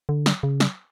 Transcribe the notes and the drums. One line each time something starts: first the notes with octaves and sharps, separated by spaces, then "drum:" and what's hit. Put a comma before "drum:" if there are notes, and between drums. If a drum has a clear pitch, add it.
D3
drum: snare
C#3
drum: snare